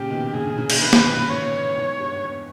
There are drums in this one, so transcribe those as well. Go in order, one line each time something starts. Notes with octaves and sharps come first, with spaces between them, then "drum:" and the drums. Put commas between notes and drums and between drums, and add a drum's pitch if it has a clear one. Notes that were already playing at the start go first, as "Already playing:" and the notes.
Already playing: A#2 C#3 G4
B2 D#3
A#2 C#3 G#4
A#2 C#3
A#2 C#3
B2 D#3, drum: cymbal
C#3 E3 B4
B2 D#3, drum: snare
A#2 C#3
A#2 C#3
G#2 B2 C#5
E2 G#2
E2
G2
E2